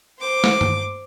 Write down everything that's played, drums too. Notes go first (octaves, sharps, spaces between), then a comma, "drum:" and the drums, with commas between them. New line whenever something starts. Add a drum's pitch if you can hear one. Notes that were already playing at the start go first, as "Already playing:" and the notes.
C5 D6
drum: snare
drum: tom G2